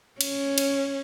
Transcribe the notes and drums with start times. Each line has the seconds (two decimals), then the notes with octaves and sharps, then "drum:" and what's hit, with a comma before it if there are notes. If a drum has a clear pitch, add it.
0.21 C#4, drum: cymbal
0.58 drum: cymbal